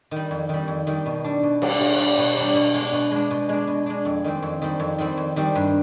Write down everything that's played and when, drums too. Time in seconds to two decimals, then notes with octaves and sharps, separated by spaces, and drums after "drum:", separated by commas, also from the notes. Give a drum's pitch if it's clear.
0.11 D#3 G3
0.31 F2
0.49 D#3 G3
0.68 F2
0.87 D#3 G3
1.06 B2
1.24 G3 D4
1.43 B2
1.62 G3 D4, drum: cymbal
1.80 B2
1.99 G3 D4
2.18 B2
2.37 G3 D4
2.55 B2
2.74 G#3 D4
2.93 B2
3.11 G#3 D4
3.31 B2
3.49 G#3 D4
3.67 B2
3.86 G#3 D4
4.05 F2
4.24 D#3 G3 C4
4.43 F2
4.62 D#3 G3 C4
4.80 F2
4.98 D#3 G3 C4
5.17 F2
5.36 D#3 G3 C4
5.55 G2